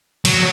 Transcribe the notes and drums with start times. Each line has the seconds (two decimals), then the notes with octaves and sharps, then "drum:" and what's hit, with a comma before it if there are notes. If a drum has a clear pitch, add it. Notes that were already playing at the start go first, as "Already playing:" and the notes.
0.25 F#3, drum: cymbal